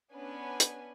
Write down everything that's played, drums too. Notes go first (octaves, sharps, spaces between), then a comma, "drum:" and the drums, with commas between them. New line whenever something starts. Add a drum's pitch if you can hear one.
B3 C#4 D4 B4 G#5
drum: hi-hat